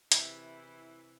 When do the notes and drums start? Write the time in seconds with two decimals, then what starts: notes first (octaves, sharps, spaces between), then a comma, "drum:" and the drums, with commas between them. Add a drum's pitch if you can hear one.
0.12 C3 E3 E4, drum: hi-hat